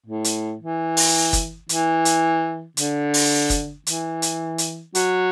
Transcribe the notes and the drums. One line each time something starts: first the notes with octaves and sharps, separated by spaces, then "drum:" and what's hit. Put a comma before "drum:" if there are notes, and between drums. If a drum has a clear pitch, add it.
A2
drum: hi-hat
E3
drum: open hi-hat
drum: kick F#1, hi-hat
E3, drum: hi-hat
drum: hi-hat
D3, drum: hi-hat
drum: open hi-hat
drum: kick F#1, hi-hat
E3, drum: hi-hat
drum: hi-hat
drum: hi-hat
F#3, drum: hi-hat